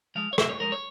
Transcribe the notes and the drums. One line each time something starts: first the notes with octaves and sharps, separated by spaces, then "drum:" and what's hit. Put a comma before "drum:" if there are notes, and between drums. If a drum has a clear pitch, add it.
F3 G#3 F5
C#5
C3 E5, drum: rim click
C#5
F3 G#3 A#4
C#5